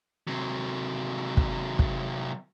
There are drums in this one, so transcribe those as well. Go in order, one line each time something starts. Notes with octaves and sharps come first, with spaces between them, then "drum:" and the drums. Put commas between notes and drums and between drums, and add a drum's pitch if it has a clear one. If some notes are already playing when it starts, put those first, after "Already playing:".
C3 F#3
drum: kick
drum: kick